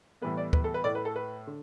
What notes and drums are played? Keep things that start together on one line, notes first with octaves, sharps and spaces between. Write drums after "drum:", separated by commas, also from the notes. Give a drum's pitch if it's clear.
A2 E3 G3 B3 B4
D5
B4, drum: kick D2
A4
B4
A2 A3 D5
B4
A4
B4
D3